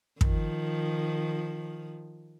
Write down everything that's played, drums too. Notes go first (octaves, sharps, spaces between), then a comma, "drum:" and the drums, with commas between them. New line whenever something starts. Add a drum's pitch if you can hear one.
D#3 F3, drum: kick